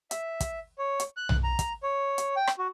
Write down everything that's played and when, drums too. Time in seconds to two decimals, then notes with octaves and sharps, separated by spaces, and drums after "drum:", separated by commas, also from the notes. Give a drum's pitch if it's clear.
0.11 E5, drum: hi-hat
0.40 drum: kick, hi-hat
0.78 C#5
1.00 drum: hi-hat
1.17 F#6
1.29 drum: tom B1
1.44 A#5
1.59 drum: kick, hi-hat
1.83 C#5
2.18 drum: hi-hat
2.36 G5
2.47 drum: rim click
2.58 F#4